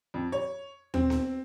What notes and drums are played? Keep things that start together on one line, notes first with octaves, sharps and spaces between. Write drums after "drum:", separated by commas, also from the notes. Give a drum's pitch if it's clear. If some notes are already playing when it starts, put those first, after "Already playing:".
F2
C#5
C4, drum: tom D#2
drum: snare B3